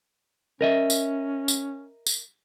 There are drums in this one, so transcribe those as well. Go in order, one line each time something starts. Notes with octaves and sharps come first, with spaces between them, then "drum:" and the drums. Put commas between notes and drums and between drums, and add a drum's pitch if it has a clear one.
C#4 A#4 D#5 E5
drum: tambourine
drum: tambourine
drum: tambourine